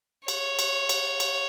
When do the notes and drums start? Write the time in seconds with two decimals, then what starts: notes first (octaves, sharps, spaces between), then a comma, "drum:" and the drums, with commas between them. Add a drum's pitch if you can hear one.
0.28 C#5, drum: cymbal
0.59 drum: cymbal
0.89 drum: cymbal
1.20 drum: cymbal